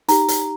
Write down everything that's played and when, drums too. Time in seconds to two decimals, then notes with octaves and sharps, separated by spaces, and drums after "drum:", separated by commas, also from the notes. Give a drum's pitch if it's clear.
0.08 D#4 G4 A#5, drum: hi-hat
0.28 drum: hi-hat